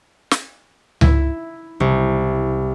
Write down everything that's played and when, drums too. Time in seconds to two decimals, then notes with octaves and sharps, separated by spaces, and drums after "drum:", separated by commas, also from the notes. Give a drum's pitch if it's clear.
0.31 drum: snare
1.01 E4, drum: tom C#2
1.80 C2